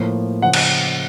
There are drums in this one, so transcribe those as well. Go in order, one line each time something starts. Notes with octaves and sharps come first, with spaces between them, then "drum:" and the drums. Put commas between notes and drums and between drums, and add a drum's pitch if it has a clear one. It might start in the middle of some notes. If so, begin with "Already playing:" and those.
Already playing: A2 F3 A#3
C#3 F3 F#5
drum: cymbal